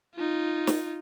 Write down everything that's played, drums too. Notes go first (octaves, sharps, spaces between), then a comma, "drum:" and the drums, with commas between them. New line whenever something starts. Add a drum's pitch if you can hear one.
D#4 F4
drum: snare